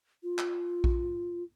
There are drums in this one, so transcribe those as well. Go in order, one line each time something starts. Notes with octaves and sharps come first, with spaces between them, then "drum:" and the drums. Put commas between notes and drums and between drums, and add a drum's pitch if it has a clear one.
F4
drum: clap
drum: kick A#1